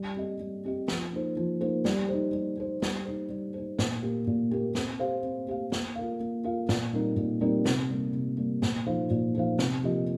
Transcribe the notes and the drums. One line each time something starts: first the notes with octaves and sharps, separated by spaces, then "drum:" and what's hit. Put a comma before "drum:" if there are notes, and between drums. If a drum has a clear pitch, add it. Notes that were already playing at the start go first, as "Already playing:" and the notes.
Already playing: G3
C4 G4 D#5
G3
C4 G4 D#5
F3, drum: snare
A#3 D#4 C5
F3
A#3 D#4 C5
G3, drum: snare
D#4 C5
G3
D#4 C5
G3, drum: snare
D#4 C5
G3
D#4 C5
A#2, drum: snare
A#3 G4
A#2
A#3 G4
C4, drum: snare
G4 C5 F5
C4
G4 C5 F5
A#3, drum: snare
F4 A#4 F5
A#3
F4 A#4 F5
A#2, drum: snare
G3 C4 D#4 A#4
A#2
G3 C4 D#4 A#4
C3, drum: snare
G3 A#3
C3
G3 A#3
A#2, drum: snare
F3 D#4 C5 F5
A#2
F3 D#4 C5 F5
C3, drum: snare
F3 A#3 G4 D#5